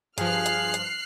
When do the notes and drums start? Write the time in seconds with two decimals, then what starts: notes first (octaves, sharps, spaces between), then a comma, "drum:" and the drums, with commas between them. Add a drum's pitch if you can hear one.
0.18 G2 F3 G#4 F5 F6 F#6 C7, drum: hi-hat
0.46 drum: hi-hat
0.74 drum: hi-hat